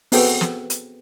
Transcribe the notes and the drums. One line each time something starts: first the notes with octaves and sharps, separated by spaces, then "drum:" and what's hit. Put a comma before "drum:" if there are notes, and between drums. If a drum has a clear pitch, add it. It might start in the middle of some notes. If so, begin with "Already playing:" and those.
B3 C4 F#4 G#4 A4 G5, drum: open hi-hat
drum: snare
drum: hi-hat